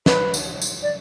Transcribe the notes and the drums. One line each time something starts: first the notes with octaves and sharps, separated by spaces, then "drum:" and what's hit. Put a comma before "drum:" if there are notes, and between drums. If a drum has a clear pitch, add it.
B4, drum: snare
drum: tambourine
drum: tambourine
D5